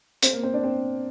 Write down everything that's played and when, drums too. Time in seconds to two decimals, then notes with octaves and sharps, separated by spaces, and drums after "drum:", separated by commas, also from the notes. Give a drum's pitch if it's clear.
0.23 C4 C5, drum: hi-hat
0.33 A#3 A#4
0.43 C4 C5
0.54 D4 D5
0.63 C4 C5